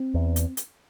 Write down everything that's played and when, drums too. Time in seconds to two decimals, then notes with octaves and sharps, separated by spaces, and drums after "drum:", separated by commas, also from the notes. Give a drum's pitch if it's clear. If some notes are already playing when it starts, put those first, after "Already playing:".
Already playing: C4
0.14 E2
0.36 drum: hi-hat
0.57 drum: hi-hat